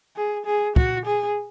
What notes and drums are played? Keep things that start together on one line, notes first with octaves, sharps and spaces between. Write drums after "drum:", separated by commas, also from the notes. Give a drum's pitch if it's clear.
G#4
G#4
F#4, drum: kick
G#4